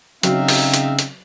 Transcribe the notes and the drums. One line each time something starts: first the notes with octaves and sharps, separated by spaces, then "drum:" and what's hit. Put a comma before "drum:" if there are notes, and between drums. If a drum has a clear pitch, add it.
C#3 F#3 C4 D#4 E5 F5, drum: hi-hat
drum: open hi-hat
drum: hi-hat
drum: hi-hat